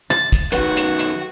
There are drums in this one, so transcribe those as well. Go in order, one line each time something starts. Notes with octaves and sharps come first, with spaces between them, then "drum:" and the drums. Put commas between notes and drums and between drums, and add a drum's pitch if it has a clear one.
A6, drum: hi-hat
drum: kick, hi-hat
F#2 D#3 F#4 B4 F#5, drum: hi-hat
drum: hi-hat
drum: hi-hat